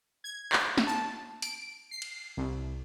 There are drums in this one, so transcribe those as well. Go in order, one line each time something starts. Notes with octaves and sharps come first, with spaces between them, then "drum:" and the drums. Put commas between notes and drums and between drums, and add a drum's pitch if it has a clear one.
G#6
drum: clap
drum: snare
A5
D7, drum: hi-hat
C7
drum: cymbal
C2